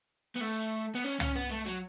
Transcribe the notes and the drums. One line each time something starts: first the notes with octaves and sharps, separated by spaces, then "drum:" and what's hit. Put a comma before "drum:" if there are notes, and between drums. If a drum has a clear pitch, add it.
B3
A3
B3
C#4
C#4, drum: tom
B3
A3
F#3